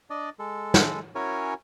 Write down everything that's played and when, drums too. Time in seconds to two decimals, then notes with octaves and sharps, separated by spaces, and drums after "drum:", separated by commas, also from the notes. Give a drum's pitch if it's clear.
0.10 D4 D5 D#5
0.39 G#3 A4
0.74 drum: snare
1.15 C#4 E4 F#4 A#4 C#5 G#5